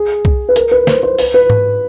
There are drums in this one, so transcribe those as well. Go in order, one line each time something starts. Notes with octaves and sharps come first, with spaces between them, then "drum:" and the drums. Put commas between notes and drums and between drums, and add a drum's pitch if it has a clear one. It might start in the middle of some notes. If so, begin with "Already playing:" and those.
Already playing: G#4
drum: kick B1
B4
A#4, drum: hi-hat
B4
C5, drum: snare
C5
B4, drum: open hi-hat
B4
drum: tom G#2